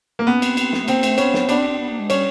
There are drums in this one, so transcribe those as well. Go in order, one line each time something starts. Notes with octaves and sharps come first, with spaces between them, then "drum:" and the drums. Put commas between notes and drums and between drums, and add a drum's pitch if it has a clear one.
A#3
B3 C#4
C4, drum: cymbal
C4, drum: cymbal
drum: snare
A3
A#3 C4, drum: cymbal
A3, drum: cymbal
B3 C#4, drum: cymbal
drum: snare
B3 D4, drum: cymbal
C4
C4
B3
A#3
G#3
G3 C#4, drum: cymbal